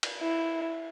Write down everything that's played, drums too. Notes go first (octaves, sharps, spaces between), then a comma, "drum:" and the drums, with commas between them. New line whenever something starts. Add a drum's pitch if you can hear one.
drum: cymbal
E4